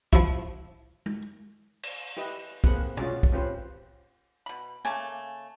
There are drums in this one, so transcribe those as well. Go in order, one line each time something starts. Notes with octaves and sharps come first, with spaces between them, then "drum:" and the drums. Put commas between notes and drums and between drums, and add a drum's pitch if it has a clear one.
F3 E4, drum: kick
drum: tom
drum: cymbal
E4 G4 B4 D#5
A#3 C4 G#4 B4 F#5, drum: kick
C#4 F4 F#4 G#4 D5, drum: tom B2
drum: kick
C4 C#4 F4 G4 B4 C5
B2 B5
C#3 A3 A#3 G#5 A5